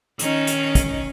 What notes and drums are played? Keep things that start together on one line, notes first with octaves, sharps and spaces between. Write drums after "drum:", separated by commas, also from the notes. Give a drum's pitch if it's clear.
D#3 C#4 D#4, drum: hi-hat
drum: hi-hat
drum: kick, hi-hat